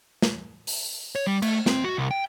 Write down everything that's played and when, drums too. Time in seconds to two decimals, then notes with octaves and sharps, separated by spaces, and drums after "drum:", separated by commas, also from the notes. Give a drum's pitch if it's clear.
0.22 drum: snare
0.67 drum: open hi-hat
1.15 C#5
1.27 G3
1.42 A3, drum: cymbal
1.66 C4, drum: snare
1.84 F#4
1.98 C2
2.11 G5